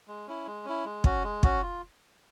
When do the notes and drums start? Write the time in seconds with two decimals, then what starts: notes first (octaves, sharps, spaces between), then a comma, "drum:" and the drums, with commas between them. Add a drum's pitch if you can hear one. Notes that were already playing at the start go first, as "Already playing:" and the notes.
0.08 G#3
0.27 C#4 E4
0.47 G#3
0.65 C#4 E4
0.85 G#3
1.04 C#4 F#4, drum: kick
1.23 G#3
1.43 C#4 F#4, drum: kick
1.62 F4